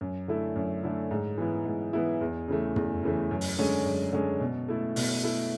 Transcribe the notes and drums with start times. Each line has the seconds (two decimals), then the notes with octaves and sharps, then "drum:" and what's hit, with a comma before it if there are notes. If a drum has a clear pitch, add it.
0.01 F#2
0.28 D3 A3 E4
0.56 F#2
0.84 D3 A3 E4
1.11 G#2
1.38 E3 B3 E4
1.65 G#2
1.93 E3 B3 E4
2.21 E2
2.48 C#3 E3 A3
2.76 E2, drum: tom
3.03 C#3 E3 A3
3.31 F#2
3.41 drum: open hi-hat
3.58 D3 G#3 C#4
3.85 F#2
4.13 D3 G#3 C#4
4.40 B2
4.68 A3 E4
4.96 B2, drum: open hi-hat
5.24 A3 E4